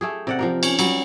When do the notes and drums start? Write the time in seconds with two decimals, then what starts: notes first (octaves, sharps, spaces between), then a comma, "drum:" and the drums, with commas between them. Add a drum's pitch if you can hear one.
0.01 A3 G4 G#4
0.27 C3 D5 F#5
0.39 F3 G4 A#4
0.63 C#4, drum: cymbal
0.79 F#3 G3, drum: cymbal